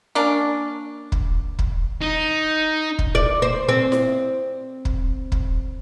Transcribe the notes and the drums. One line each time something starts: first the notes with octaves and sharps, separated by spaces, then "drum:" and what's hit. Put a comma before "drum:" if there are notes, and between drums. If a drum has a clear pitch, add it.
A#3 C#4 D4
drum: kick
drum: kick
D#4
drum: kick
D5
C5
C4
drum: snare E4
drum: kick
drum: kick